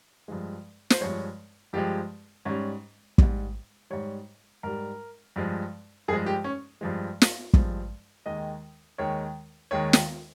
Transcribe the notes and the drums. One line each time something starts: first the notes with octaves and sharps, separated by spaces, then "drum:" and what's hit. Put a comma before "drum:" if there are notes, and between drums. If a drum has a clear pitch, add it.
G2 F3 G#3
C5, drum: snare
G2 F3 G#3 C#5
G2 F3 G#3 G4
G#2 G3 C#4
G#2 G3, drum: kick
G#2 G3 C#5
G#2 G3 A#4
G2 F3 G#3
G2 F3 G#3 G#4
G4
C#4
G2 F3 G#3
drum: snare
G2 F3 G#3, drum: kick
D#2 D#3 G#3 D#5
D#2 D#3 G#3 C#5
D#2 D#3 G#3 C#5
drum: snare